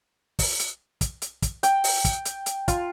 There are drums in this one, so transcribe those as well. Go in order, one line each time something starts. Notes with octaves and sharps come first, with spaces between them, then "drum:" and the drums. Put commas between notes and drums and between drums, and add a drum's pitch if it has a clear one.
drum: kick, open hi-hat
drum: hi-hat
drum: kick, hi-hat
drum: hi-hat
drum: kick, hi-hat
G5, drum: hi-hat
drum: open hi-hat
drum: kick, hi-hat
drum: hi-hat
drum: hi-hat
F4, drum: kick, hi-hat